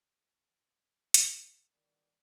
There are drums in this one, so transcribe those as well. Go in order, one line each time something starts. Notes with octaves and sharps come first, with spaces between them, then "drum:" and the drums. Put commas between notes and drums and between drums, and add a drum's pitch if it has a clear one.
B3 D#4 G#4 A#4 D#5, drum: hi-hat
D#3 E3 G3 B3